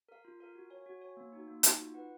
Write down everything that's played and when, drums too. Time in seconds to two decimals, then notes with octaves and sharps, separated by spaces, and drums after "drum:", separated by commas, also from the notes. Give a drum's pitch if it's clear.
0.09 A#4 F5
0.25 F4
0.40 A#4 F5
0.55 F#4
0.70 C#5 G#5
0.86 F#4
1.01 C#5 G#5
1.17 A#3
1.33 D#4 F#4
1.47 A#3
1.63 D#4 F#4, drum: hi-hat
1.79 F4
1.94 B4 F#5